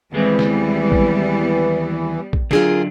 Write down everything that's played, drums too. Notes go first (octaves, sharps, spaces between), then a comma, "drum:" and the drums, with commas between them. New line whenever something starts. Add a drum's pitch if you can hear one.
D#2 E3 G3 G#3 B3 C4
drum: snare
drum: kick
drum: kick
D3 F#3 D4 F4 G#4 A#4, drum: snare